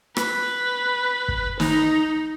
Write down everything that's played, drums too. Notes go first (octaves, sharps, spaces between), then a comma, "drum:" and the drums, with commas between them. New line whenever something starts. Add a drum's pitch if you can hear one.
B4, drum: rim click
drum: kick
D#4, drum: snare